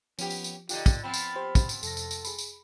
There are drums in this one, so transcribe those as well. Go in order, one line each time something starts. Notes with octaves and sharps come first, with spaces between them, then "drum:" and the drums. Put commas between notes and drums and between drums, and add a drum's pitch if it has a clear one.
F3 B3 C#4 G4, drum: tambourine
drum: tambourine
drum: tambourine
A#2 D3 D#4 F4 G4 G5, drum: tambourine
drum: kick, tambourine
F3 B3 C4 B5
drum: tambourine
G4 C5
drum: kick, tambourine
drum: tambourine
F2 C3 A4 A#6, drum: tambourine
drum: tambourine
drum: tambourine
G#4 B5, drum: tambourine
drum: tambourine